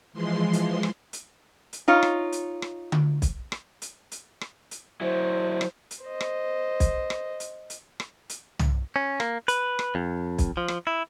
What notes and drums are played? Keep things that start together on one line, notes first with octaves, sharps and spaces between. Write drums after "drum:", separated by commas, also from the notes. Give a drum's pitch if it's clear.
E3 F3 G#3 C6
drum: hi-hat
drum: rim click
drum: hi-hat
drum: hi-hat
D#4 F4 C#5
drum: rim click
drum: hi-hat
drum: rim click
drum: tom D3
drum: kick B1, hi-hat
drum: rim click
drum: hi-hat
drum: hi-hat
drum: rim click
drum: hi-hat
F#3 E4 C5
drum: rim click
drum: hi-hat
C5 D#5
drum: rim click
drum: kick B1, hi-hat
drum: rim click
drum: hi-hat
drum: hi-hat
drum: rim click
drum: hi-hat
drum: tom
C#4
A#3, drum: rim click
B4, drum: hi-hat
drum: rim click
F2
drum: kick B1, hi-hat
F3
drum: rim click
E4